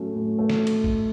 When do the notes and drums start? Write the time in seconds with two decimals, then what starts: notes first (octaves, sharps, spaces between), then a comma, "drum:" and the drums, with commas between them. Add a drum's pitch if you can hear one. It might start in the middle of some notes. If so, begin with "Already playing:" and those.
Already playing: A2 F#3 A3 C#4
0.15 A2
0.39 A3
0.50 drum: snare
0.67 drum: cymbal
0.84 drum: kick A1